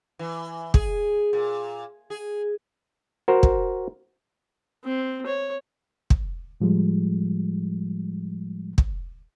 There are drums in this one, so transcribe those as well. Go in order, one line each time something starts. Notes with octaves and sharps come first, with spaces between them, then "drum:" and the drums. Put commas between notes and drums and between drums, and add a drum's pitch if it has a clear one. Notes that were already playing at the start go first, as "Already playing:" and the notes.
E3
G#4, drum: kick
A#2
G#4
F#4 A#4 C5
drum: kick
C4
C#5
drum: kick
A2 F3 G3 G#3
drum: kick